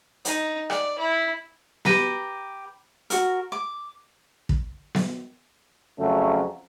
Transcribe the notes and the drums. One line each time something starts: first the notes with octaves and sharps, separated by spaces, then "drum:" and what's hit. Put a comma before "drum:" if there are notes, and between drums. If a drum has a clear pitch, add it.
D#4, drum: hi-hat
D5, drum: rim click
E4
G4 B4 A#5 B5, drum: snare B3
F#4 A#4, drum: hi-hat
D6
drum: kick
drum: snare B3
F2 C#3 F#3 A3 C#4